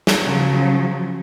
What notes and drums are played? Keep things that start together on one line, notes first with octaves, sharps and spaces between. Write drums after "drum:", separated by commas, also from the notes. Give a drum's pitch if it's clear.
drum: snare
C#3 F3 F#3